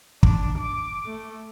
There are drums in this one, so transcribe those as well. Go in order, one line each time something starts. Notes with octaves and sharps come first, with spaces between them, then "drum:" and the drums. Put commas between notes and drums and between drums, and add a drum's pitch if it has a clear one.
D4, drum: kick
D6
A3